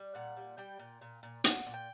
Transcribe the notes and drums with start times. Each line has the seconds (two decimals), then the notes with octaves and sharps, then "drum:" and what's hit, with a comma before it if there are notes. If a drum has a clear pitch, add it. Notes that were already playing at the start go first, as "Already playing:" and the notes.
Already playing: G3
0.15 A#2 F#5
0.36 G3
0.58 G3 G5
0.79 A#2
1.01 A#2
1.23 A#2
1.44 A#2 F#5, drum: hi-hat
1.66 A#2
1.74 G5